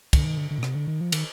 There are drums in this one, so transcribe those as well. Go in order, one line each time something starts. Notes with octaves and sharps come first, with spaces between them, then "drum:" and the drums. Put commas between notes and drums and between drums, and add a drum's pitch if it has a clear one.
D3, drum: kick, cymbal
D#3
D3
D3
A#2
C3, drum: rim click
D3
D#3
F3
D#3, drum: cymbal